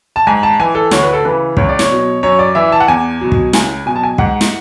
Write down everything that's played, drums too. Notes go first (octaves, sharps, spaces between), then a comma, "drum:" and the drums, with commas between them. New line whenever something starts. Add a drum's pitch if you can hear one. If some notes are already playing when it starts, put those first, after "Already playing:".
A5
G#2 G#5
A5
E3 G#5
A4
D2 C#5, drum: snare
B4
A4
C#3 E3 B4
C#2 C#5, drum: kick
D5
C#5, drum: snare
B2 F#3
F#2 C#5
D5
E3 E5
A5
F#5
E2 G#5
B2 F#3
drum: kick
C#2 G#5, drum: snare
B2 F#3 G#5
A5
G#5
G#2 F#5, drum: kick
drum: snare